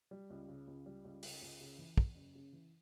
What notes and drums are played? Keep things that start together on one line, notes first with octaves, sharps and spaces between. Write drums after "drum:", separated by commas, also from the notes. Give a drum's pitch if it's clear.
G3
C#2
C#3
C#2
G3
C#2
C#3, drum: open hi-hat
C#2
C#3
E3
E2, drum: kick
F#1
C#3
E3